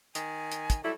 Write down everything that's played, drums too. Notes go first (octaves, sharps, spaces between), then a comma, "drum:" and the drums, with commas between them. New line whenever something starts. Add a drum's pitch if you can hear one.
D#3 G#5, drum: hi-hat
drum: hi-hat
drum: kick, hi-hat
F#3 G3 E4 A4